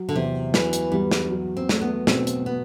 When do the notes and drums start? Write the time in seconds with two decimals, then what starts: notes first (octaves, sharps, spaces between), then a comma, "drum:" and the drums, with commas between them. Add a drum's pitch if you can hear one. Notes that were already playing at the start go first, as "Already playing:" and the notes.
Already playing: F#3
0.09 D3
0.16 E2 C3
0.54 E3 F#3, drum: snare
0.73 drum: hi-hat
0.92 E2 G3
1.11 drum: snare
1.30 F#3
1.57 C4
1.69 A3, drum: snare
1.81 B3
2.07 B2 C4, drum: snare
2.27 drum: hi-hat
2.46 B3